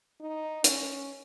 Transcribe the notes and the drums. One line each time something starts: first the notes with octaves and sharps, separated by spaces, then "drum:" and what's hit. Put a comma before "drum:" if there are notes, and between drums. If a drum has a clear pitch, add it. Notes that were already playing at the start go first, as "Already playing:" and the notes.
D#4
C#4, drum: hi-hat